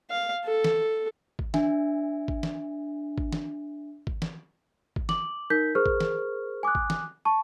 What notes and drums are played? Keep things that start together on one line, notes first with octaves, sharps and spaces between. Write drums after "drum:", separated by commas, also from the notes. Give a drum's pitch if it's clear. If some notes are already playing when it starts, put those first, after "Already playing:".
F5
A4
drum: snare
drum: kick
D4 E5 G#5, drum: snare
drum: kick
drum: snare
drum: kick
drum: snare
drum: kick
drum: snare
drum: kick
D6 F#7, drum: snare
D#4 A#4 G6 B6
G#4 A#4 C5 C#6 F6
drum: kick
drum: snare
G#5 D6 D#6 F#6
drum: kick
drum: snare
A5 C#6